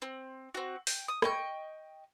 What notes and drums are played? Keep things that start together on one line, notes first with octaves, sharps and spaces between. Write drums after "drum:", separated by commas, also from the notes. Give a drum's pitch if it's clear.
C4
C4 F#4
G5, drum: open hi-hat
D#6
D#5 G5 C#6, drum: rim click